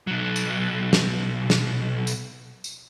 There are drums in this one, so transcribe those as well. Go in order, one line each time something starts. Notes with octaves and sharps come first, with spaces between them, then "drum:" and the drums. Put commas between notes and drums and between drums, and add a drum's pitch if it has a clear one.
B1 F#3
drum: tambourine
drum: snare
drum: snare
drum: tambourine
drum: tambourine